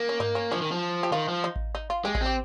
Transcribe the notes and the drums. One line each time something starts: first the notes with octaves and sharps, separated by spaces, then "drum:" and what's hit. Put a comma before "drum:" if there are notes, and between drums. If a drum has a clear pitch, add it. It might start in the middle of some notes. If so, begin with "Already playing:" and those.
Already playing: A#3
C#4
D#4, drum: tom G2
C#4
F3 C#4
D#3
F3
G4
D#3 F4
F3
D#4
drum: kick A1
D#4
F4
G#3 G4
G#4, drum: kick A1
C4
G4